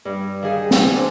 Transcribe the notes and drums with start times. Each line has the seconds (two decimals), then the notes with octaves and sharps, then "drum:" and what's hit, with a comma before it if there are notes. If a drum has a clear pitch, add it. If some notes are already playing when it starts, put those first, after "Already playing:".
0.05 G2
0.43 D#3 G#4 F5
0.71 E3, drum: snare
0.93 C4 D4